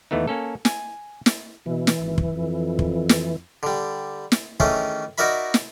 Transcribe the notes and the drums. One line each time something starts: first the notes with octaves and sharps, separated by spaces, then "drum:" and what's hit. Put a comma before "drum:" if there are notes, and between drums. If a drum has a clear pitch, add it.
D#2 E3 A3 B3 D#4
A#3 C#4 A4
G#5, drum: snare
drum: snare
B2 E3
drum: snare
G#1
drum: kick
F2
drum: kick
drum: snare
D3 G3
drum: snare
D#3 E3 A3 C#4 G#4, drum: kick
D#4 F#4 A#4 D5 E5 B5
drum: snare